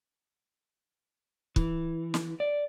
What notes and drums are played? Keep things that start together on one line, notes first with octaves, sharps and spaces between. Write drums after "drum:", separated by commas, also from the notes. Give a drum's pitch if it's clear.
E3, drum: kick
drum: snare
D5